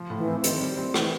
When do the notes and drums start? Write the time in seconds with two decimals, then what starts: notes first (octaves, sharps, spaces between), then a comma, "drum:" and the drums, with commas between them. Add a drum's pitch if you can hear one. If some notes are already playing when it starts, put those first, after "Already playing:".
Already playing: F3
0.10 A2
0.18 E3
0.27 C4
0.44 D#3 C4, drum: hi-hat
0.60 G3
0.77 C4
0.94 C3 E3, drum: rim click